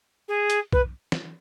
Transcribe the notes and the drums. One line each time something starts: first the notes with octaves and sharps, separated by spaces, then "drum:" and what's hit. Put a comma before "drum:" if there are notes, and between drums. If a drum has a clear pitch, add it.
G#4
drum: hi-hat
B4, drum: kick
drum: snare